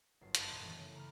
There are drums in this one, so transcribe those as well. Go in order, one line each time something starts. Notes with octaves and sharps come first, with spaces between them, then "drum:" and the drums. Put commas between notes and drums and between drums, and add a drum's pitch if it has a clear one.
G1 F#2 C7
D#5 A5 B5 C6 G#6, drum: hi-hat
D#1 A#2 A#4 D#5
E3 A3 F#6
C#3
A#5 B5 F6